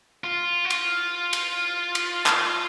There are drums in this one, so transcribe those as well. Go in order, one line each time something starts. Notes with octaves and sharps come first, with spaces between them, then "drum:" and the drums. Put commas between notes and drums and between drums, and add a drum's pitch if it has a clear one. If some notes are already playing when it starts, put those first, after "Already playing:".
F4
F#4
F4, drum: cymbal
drum: cymbal
drum: cymbal
drum: clap